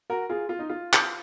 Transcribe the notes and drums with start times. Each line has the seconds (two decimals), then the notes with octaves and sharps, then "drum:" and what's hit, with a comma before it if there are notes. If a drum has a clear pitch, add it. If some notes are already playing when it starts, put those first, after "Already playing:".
0.10 F#4 A#4
0.29 F4 G#4
0.49 F4
0.59 D#4
0.69 F4
0.93 drum: clap